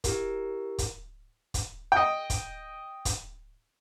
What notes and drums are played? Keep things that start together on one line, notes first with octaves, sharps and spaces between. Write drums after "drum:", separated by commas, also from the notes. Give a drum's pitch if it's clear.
E4 G4 A#4, drum: kick, hi-hat
drum: kick, hi-hat
drum: kick, hi-hat
D#5 G5
drum: kick, hi-hat
drum: kick, hi-hat